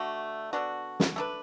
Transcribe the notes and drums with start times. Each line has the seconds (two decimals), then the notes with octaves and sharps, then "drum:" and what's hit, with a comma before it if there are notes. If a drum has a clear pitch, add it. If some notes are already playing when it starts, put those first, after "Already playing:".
Already playing: D3 A3 F#4
0.53 D3 B3 D4 F#4
1.00 drum: snare
1.16 A3 D4 B4